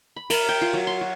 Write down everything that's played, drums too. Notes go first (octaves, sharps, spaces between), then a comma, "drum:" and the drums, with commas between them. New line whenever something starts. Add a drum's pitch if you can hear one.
B5
A#4, drum: cymbal
G5
F4
F#3
C6
F#4